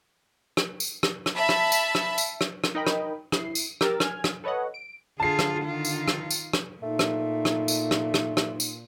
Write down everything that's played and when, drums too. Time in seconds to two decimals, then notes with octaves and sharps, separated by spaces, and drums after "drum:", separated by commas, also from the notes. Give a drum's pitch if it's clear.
0.57 drum: rim click
0.80 drum: tambourine
1.03 drum: rim click
1.26 drum: rim click
1.36 E5 A5 B5
1.49 drum: rim click
1.72 drum: tambourine
1.95 drum: rim click
2.18 drum: tambourine
2.41 drum: rim click
2.64 drum: rim click
2.75 D#4 A#4 D#5 G5 B5
2.87 drum: rim click
3.32 E4 C7, drum: rim click
3.55 drum: tambourine
3.81 G4 A#4 E6 A6, drum: rim click
4.00 G#5 F6 G#6, drum: rim click
4.24 drum: rim click
4.44 A4 B4 C#5 D#5 F#5
4.74 D7
5.20 D3 F4 G#4 A5 C7
5.39 drum: rim click
5.65 D#3 F4
5.85 drum: tambourine
6.08 drum: rim click
6.31 drum: tambourine
6.53 drum: rim click
6.83 A#2 A3 D#4
6.99 drum: rim click
7.45 drum: rim click
7.68 drum: tambourine
7.91 drum: rim click
8.14 drum: rim click
8.37 drum: rim click
8.60 drum: tambourine